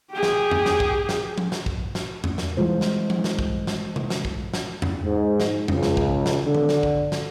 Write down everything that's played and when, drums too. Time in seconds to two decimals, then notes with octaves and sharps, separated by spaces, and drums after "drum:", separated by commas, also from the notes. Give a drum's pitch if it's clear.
0.12 G4 G#4
0.23 drum: snare
0.51 drum: tom E2
0.66 drum: snare
0.80 drum: kick
1.09 drum: snare
1.38 drum: tom F3
1.52 drum: snare
1.66 drum: kick
1.95 drum: snare
2.24 drum: tom E2
2.38 drum: snare
2.57 E3 G3 G#3 F4 C5
2.81 drum: snare
3.10 drum: tom F3
3.24 drum: snare
3.39 drum: kick
3.67 drum: snare
3.96 drum: tom C3
4.10 drum: snare
4.25 drum: kick
4.53 drum: snare
4.82 drum: tom E2
5.04 G#2
5.40 drum: snare
5.68 C#2, drum: tom E2
5.83 drum: snare
5.97 drum: kick
6.26 drum: snare
6.45 D3
6.55 drum: tom D#3
6.69 drum: snare
6.83 drum: kick
7.12 drum: snare